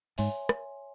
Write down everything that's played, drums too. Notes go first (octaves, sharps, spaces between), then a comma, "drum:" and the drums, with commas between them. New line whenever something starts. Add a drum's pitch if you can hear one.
G#2 C#5 E5 G#5 C6, drum: open hi-hat
drum: rim click